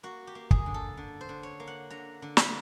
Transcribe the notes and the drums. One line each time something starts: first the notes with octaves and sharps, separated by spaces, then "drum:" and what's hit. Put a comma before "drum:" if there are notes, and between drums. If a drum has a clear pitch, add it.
A#3 F#4
G4
A#3
G#4, drum: kick
D3
A4
D3
C5
D3
C#5
A#3
F#5
D3 A#5
D3
B5, drum: snare